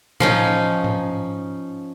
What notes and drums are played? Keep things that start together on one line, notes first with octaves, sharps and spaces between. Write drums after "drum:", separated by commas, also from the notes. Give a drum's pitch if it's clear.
F3 C#4 D#4, drum: tom A2
drum: tom G#2